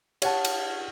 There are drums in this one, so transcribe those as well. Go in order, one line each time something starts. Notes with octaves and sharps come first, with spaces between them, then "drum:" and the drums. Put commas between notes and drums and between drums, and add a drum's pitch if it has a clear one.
G4 C#5 F#5 A5, drum: cymbal
drum: cymbal